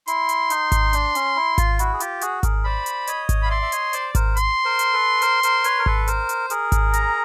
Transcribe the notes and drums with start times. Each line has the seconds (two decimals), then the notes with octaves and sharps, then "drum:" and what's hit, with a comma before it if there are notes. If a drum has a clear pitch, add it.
0.07 E4 C6, drum: hi-hat
0.29 drum: hi-hat
0.50 D#4, drum: hi-hat
0.72 drum: kick G#1, hi-hat
0.93 D4, drum: hi-hat
1.15 C#4, drum: hi-hat
1.36 E4
1.58 F4, drum: kick G#1, hi-hat
1.79 E4 F#4, drum: hi-hat
1.94 G#4
2.00 F4 G4, drum: hi-hat
2.21 F#4 G#4, drum: hi-hat
2.43 G#4 A#4, drum: kick G#1, hi-hat
2.65 C5 D5 B5
2.86 drum: hi-hat
3.07 C#5 D#5, drum: hi-hat
3.29 drum: kick G#1, hi-hat
3.42 F5 B5
3.50 D5 E5 C6
3.62 E5
3.72 C#5 D#5, drum: hi-hat
3.93 C5 D5, drum: hi-hat
4.15 A#4 C5, drum: kick G#1, hi-hat
4.37 C6, drum: hi-hat
4.65 A#4 C5
4.79 drum: hi-hat
4.93 A4 B4
5.22 A#4 C5, drum: hi-hat
5.43 A#4 C5, drum: hi-hat
5.64 B4 C#5, drum: hi-hat
5.79 A#4
5.86 A4 B4, drum: kick G#1
6.08 A#4 C5, drum: hi-hat
6.29 drum: hi-hat
6.50 G#4 A#4, drum: hi-hat
6.72 drum: kick G#1, hi-hat
6.93 A#5, drum: hi-hat